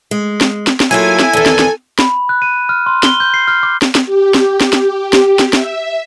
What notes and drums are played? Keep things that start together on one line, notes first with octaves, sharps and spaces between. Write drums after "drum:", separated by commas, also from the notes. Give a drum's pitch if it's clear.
G#3
drum: snare
drum: snare
drum: snare
F#3 A#3 E4 F4 A4 G#5
drum: snare
E2 D#3 A4
drum: snare
drum: snare
B5, drum: snare
F#6
D#7
F6
C6
G7, drum: snare
G6
C7
F6
D6
drum: snare
drum: snare
G4
drum: snare
drum: snare
G4, drum: snare
drum: snare
drum: snare
E5, drum: snare